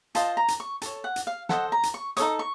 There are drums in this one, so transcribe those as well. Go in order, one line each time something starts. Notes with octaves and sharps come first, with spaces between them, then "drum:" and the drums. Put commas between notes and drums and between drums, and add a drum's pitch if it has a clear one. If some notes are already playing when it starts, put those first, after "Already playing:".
F4 C5 D#5 A5, drum: hi-hat
A#5
drum: hi-hat
C#6
A4 C#5 A5, drum: hi-hat
F#5
drum: hi-hat
F5
A4 C5 D#5 F#5, drum: snare
A#5
drum: hi-hat
C#6
D#4 A4 C#5 D#6, drum: hi-hat
C#6